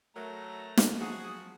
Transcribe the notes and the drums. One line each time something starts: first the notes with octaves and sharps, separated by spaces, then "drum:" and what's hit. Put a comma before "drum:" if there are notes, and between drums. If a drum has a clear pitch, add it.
F#3 A3 A#4 A#5
drum: snare
F3 F#3 F#4 G#4 D#6